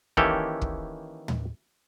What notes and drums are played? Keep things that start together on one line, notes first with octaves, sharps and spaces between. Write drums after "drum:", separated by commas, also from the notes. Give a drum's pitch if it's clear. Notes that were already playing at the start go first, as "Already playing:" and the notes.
D#3 E3 A#3 C#4 G4 A4, drum: kick
drum: kick
drum: tom